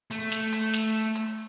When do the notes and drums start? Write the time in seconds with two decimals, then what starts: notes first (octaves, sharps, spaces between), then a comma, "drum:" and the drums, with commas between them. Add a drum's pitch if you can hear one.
0.11 A3, drum: hi-hat
0.32 drum: snare
0.53 drum: hi-hat
0.73 drum: snare
1.15 drum: hi-hat